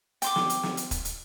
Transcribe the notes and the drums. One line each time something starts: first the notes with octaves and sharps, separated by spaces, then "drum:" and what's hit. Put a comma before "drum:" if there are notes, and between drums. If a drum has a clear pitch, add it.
G5 C6 D6, drum: hi-hat
drum: snare
drum: hi-hat
drum: snare
drum: hi-hat
drum: kick, hi-hat
drum: hi-hat